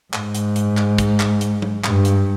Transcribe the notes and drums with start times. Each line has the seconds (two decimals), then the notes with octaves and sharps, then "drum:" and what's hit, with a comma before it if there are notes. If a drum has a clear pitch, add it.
0.13 G#2, drum: clap
0.35 drum: hi-hat
0.56 drum: hi-hat
0.77 drum: clap
0.98 drum: kick, hi-hat
1.20 drum: clap
1.41 drum: hi-hat
1.62 drum: tom F#3
1.84 G2, drum: clap
2.05 drum: hi-hat